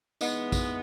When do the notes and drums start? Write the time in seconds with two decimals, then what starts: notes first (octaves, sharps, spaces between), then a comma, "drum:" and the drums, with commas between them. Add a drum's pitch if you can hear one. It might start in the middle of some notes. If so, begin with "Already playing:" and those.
0.21 E3 G#3 B3 D#4 D#5, drum: tambourine
0.52 drum: kick, tambourine